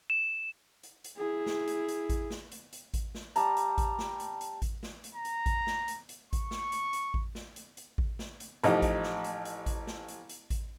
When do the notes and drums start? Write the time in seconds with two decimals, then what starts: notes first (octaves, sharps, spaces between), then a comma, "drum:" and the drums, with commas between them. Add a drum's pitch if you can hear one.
0.10 E7
0.83 drum: hi-hat
1.04 drum: hi-hat
1.17 E4 G#4
1.46 drum: snare
1.67 drum: hi-hat
1.88 drum: hi-hat
2.09 drum: kick A1, hi-hat
2.31 drum: snare
2.52 drum: hi-hat
2.73 drum: hi-hat
2.94 drum: kick A1, hi-hat
3.15 drum: snare
3.36 G3 A5 A#5, drum: hi-hat
3.57 drum: hi-hat
3.78 drum: kick A1, hi-hat
3.99 drum: snare
4.20 drum: hi-hat
4.41 drum: hi-hat
4.62 drum: kick A1, hi-hat
4.83 drum: snare
5.04 drum: hi-hat
5.15 A#5
5.25 drum: hi-hat
5.46 drum: kick A1, hi-hat
5.67 drum: snare
5.88 drum: hi-hat
6.09 drum: hi-hat
6.33 C#6, drum: kick A1, hi-hat
6.51 drum: snare
6.72 drum: hi-hat
6.93 drum: hi-hat
7.14 drum: kick A1
7.35 drum: snare
7.56 drum: hi-hat
7.77 drum: hi-hat
7.98 drum: kick A1
8.19 drum: snare
8.40 drum: hi-hat
8.64 A1 F3 D#4 G4, drum: hi-hat
8.82 drum: kick A1, hi-hat
9.03 drum: snare
9.24 drum: hi-hat
9.45 drum: hi-hat
9.66 drum: kick A1, hi-hat
9.87 drum: snare
10.08 drum: hi-hat
10.29 drum: hi-hat
10.50 drum: kick A1, hi-hat